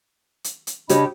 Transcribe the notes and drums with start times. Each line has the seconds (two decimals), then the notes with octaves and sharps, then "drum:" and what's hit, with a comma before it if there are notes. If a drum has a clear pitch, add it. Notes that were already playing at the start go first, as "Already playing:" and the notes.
0.44 drum: hi-hat
0.67 drum: hi-hat
0.89 C#3 D4 G4 C#5 D#5 B5, drum: hi-hat